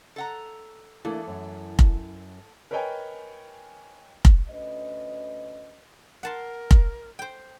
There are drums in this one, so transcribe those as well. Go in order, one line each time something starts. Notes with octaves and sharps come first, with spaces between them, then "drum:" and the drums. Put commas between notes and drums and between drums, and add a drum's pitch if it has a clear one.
A4 F#5 A#5
E3 A3 A#3 D4 E4 A4
F#2
drum: kick F1
A#4 B4 C#5 D#5 G5 G#5
drum: kick F1
D2 C#4 B4 D#5
A#4 F#5 A5 C6
drum: kick F1
C5 G5